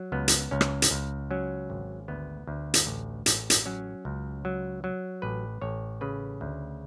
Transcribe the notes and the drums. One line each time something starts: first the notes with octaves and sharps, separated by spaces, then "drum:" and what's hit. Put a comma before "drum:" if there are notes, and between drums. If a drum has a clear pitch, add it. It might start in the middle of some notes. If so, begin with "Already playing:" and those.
Already playing: F#3
C#2 B3
drum: hi-hat
C#2 C#4
drum: rim click
drum: hi-hat
C#2
F#3 C#4
G#1
D2 B3
D2
drum: hi-hat
A1
A1, drum: hi-hat
drum: hi-hat
F#3 C#4
C#2
F#3
F#3
A1 B4
A1 C#5
C#3 B4
D2